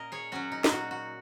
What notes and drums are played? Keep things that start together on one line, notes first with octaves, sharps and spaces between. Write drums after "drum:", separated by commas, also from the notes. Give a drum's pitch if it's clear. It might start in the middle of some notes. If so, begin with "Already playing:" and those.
Already playing: A#2 C#4 A#4 D#5
G#4 C#5
F#3 C#4 F#4
D#4
D#4, drum: snare
A#2 F#4
F#4